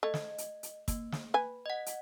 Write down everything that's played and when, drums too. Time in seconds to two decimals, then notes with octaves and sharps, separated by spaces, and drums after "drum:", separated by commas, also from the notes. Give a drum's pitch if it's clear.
0.03 A3 D#5
0.14 drum: snare
0.38 drum: hi-hat
0.63 drum: hi-hat
0.88 A#3, drum: kick, hi-hat
1.12 drum: snare
1.34 B4 G#5
1.66 D#5 F#5
1.86 drum: hi-hat